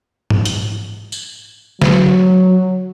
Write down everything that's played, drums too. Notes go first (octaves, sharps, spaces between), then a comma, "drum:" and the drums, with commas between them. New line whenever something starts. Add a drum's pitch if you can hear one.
drum: tom G#2
drum: hi-hat
drum: tambourine
F#3, drum: snare